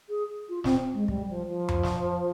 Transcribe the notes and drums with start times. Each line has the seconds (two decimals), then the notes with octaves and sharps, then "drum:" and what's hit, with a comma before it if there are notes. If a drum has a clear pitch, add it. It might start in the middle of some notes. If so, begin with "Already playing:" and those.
0.09 G#4
0.49 F4
0.64 C4, drum: snare
0.94 G#3
1.08 G3, drum: kick
1.29 F3
1.49 F3
1.69 drum: tom F2
1.83 drum: snare